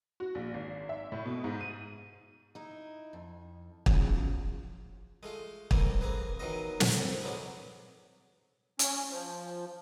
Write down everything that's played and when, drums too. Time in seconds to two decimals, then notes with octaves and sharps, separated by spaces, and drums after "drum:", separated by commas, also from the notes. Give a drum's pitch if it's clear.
0.20 F#4
0.35 A#1
0.54 G#1
0.89 E5
1.12 A2
1.26 B2
1.44 G#2
1.61 D#7
2.55 D#4 E4
3.13 F2
3.86 E2 A2 C#3 F3 F#3, drum: kick
5.23 G#3 A3 F4
5.71 E3 F3 G3 A3 A#3 C4, drum: kick
6.01 A#3 C4 G#4 B4
6.39 B2 D#3 E3 F#3 F4 D#5
6.80 drum: snare
6.98 A#1 F2 A2
7.23 F#3 G#3 B3 C#4 D5
8.79 C#4, drum: hi-hat
9.11 F3